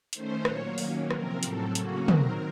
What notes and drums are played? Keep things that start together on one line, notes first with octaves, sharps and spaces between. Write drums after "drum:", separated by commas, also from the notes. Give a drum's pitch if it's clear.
D#3 A3 C#4 C5, drum: hi-hat
A#2 F#3 A#3 C#5, drum: rim click
D#3 F#3 A#3 C#4, drum: open hi-hat
C3 F3 C4 A#4, drum: rim click
A2 F#3 C4 A4, drum: hi-hat
C#3 F#3 A#3 C#4 F#4, drum: hi-hat
D#3 F#3 C4 A#4, drum: tom